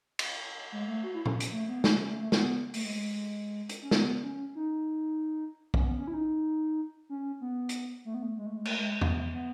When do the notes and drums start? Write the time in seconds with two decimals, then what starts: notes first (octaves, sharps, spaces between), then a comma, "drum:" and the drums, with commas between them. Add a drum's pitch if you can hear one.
0.19 drum: cymbal
0.72 G#3
0.88 A3
1.04 F#4
1.14 E4
1.26 C#4, drum: tom A#2
1.40 drum: hi-hat
1.52 A3
1.68 B3
1.84 A3, drum: snare
2.00 C#4
2.10 A3
2.21 A3
2.32 B3, drum: snare
2.74 A3, drum: open hi-hat
2.85 G#3
2.95 G#3
3.69 drum: hi-hat
3.82 C#4
3.91 B3, drum: snare
4.23 C#4
4.55 D#4
5.74 C#4, drum: kick
5.82 B3
5.99 C#4
6.07 E4
6.14 D#4
7.09 C#4
7.41 B3
7.69 drum: hi-hat
8.05 A3
8.14 B3
8.23 A3
8.38 G#3
8.46 A3
8.57 G#3
8.65 A3, drum: cymbal
8.76 G#3
9.01 B3, drum: tom E2
9.33 B3